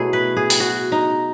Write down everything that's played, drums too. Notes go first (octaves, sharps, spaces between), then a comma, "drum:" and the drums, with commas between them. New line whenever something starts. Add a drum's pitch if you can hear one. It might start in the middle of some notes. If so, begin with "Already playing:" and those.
Already playing: B2 F#3 A3 E4 G#4
B4
G#4
drum: open hi-hat
F#4
D#4